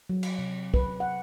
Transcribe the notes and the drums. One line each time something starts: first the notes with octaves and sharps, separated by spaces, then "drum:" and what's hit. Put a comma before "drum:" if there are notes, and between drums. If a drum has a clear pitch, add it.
F#3
drum: cymbal
C3
B4, drum: kick
F#5